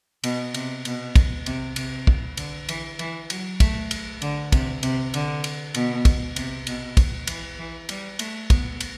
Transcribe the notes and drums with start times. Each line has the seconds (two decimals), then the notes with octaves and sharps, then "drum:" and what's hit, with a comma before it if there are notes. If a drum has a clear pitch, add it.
0.24 B2, drum: cymbal
0.54 C3, drum: cymbal
0.85 B2, drum: cymbal
1.15 drum: kick, cymbal
1.46 C3, drum: cymbal
1.76 C3, drum: cymbal
2.07 drum: kick
2.37 D3, drum: cymbal
2.69 E3, drum: cymbal
2.99 E3, drum: cymbal
3.30 F#3, drum: cymbal
3.60 A3, drum: kick, cymbal
3.91 drum: cymbal
4.22 D3, drum: cymbal
4.52 C3, drum: kick, cymbal
4.83 C3, drum: cymbal
5.14 D3, drum: cymbal
5.44 drum: cymbal
5.75 B2, drum: cymbal
6.05 drum: kick, cymbal
6.36 C3, drum: cymbal
6.67 B2, drum: cymbal
6.97 drum: kick, cymbal
7.27 E3, drum: cymbal
7.58 E3
7.89 G3, drum: cymbal
8.19 A3, drum: cymbal
8.50 B3, drum: kick, cymbal
8.81 drum: cymbal